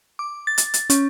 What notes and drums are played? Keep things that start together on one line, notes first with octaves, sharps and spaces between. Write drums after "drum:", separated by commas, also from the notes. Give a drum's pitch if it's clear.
D6
A6
drum: hi-hat
drum: hi-hat
C#4, drum: hi-hat